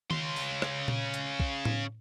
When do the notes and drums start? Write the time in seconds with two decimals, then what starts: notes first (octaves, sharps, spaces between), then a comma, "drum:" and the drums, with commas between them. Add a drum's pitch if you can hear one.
0.11 C#3 C6, drum: tom D#3
0.36 drum: open hi-hat
0.62 drum: rim click
0.88 drum: tom A#2
1.14 drum: hi-hat
1.40 drum: kick
1.65 drum: tom A2